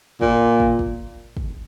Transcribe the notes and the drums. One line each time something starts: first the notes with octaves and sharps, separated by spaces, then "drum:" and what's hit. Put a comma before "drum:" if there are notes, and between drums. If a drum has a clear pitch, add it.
A#2, drum: kick
drum: kick
drum: kick
drum: kick